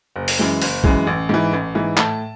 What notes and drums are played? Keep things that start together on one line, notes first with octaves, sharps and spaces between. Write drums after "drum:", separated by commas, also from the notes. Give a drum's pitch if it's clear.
F#1
drum: open hi-hat
F#2 E3 G#3
F#1, drum: open hi-hat
F#2 E3 G#3, drum: kick A#1
A1
G#2 E3
A1
G#2 E3
A2 A5, drum: clap